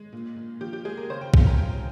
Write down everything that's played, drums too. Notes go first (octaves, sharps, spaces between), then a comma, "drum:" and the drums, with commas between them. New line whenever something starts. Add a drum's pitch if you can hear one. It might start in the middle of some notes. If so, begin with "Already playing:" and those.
Already playing: G#3
A#2
A#2
F3 G4
G4
G#3 G#4
A#4
C#3 C5
G5
C#3 G#5, drum: kick
A#5
G#3 G5